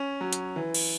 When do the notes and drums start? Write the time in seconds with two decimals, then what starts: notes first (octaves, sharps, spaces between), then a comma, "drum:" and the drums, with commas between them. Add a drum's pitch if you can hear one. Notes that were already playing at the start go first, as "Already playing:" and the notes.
Already playing: C#4
0.21 F#3
0.33 drum: hi-hat
0.56 E3
0.74 drum: cymbal